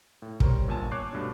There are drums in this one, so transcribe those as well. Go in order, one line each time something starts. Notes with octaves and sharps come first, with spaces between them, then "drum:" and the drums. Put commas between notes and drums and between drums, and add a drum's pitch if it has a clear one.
A2
G3 A#4 C5 C#5, drum: kick
G1 A#2 G#5 A5
C#5 D6 F#6 G6 C7
G2 B2 A3 D4